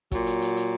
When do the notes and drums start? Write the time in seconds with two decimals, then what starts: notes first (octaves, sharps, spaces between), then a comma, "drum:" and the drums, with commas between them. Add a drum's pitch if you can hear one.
0.11 A#2 F#3, drum: kick, hi-hat
0.26 drum: hi-hat
0.42 drum: hi-hat
0.57 drum: hi-hat